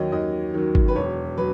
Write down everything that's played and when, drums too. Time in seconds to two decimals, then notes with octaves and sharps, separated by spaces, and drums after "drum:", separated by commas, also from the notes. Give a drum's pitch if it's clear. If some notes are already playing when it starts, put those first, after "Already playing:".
Already playing: D#2 D#3 F#3 C#5 D#5
0.12 D#2 D#5
0.54 D#3 F#3
0.75 drum: kick
0.88 B4
0.96 E1 C#5
1.38 F#3 B4